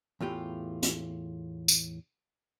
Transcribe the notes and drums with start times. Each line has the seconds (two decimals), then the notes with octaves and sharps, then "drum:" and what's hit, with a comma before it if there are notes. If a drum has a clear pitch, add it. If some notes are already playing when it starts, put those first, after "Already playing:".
0.21 E2 A2 F4 G4
0.82 drum: hi-hat
1.68 drum: tambourine